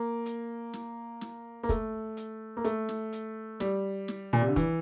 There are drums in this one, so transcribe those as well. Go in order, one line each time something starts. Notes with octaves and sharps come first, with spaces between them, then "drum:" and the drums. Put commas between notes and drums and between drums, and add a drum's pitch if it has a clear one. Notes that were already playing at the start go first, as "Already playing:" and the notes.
Already playing: A#3
drum: hi-hat
drum: snare
drum: snare
A#3
A3, drum: kick, hi-hat
drum: hi-hat
A#3
A3, drum: hi-hat
drum: snare
drum: hi-hat
G3, drum: snare
drum: snare
A#2
C3
D3
E3, drum: kick, hi-hat